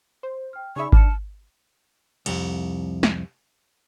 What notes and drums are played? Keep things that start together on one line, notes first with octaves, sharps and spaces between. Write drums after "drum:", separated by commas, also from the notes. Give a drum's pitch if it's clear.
C5
G5 F6
C#3 D#4 G#4 D5 E5 B5 C#6
D4 A5 F6 C#7, drum: kick G#1
C2 F2, drum: cymbal
drum: snare